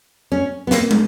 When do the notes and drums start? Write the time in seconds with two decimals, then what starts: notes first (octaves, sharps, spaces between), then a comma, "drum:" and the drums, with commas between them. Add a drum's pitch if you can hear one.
0.32 C#4
0.67 B3
0.71 A#3, drum: snare
0.91 drum: tom